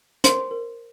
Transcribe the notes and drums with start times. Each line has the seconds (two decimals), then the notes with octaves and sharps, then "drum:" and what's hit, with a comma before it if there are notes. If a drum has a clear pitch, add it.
0.24 A#4 C5 C6, drum: hi-hat
0.51 A#4